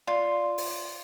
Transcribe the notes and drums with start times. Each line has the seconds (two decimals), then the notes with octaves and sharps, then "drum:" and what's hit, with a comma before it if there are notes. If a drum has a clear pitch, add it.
0.07 F4 D5
0.58 drum: open hi-hat